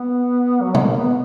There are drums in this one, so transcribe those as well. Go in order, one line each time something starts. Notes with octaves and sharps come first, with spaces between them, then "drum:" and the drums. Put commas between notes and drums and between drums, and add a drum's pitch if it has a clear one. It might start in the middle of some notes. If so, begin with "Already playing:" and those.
Already playing: B3
F#3
G#3, drum: tom
A#3
B3